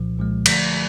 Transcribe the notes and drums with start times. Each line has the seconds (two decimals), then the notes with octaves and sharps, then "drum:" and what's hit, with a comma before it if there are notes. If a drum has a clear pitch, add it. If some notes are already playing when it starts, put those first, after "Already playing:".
Already playing: C2 A#2 F3
0.18 C2 A#2 F3 G#3
0.46 D3 F3 A3, drum: cymbal